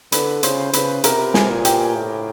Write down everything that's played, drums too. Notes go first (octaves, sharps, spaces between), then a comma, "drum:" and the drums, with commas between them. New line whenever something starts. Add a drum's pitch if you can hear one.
D3 B4 B5, drum: hi-hat
C#3 C5 C6, drum: hi-hat
C#3 B4 B5, drum: hi-hat
C3 A#4 A#5, drum: hi-hat
G#4 G#5, drum: snare
A#2
G4 G5, drum: hi-hat
A2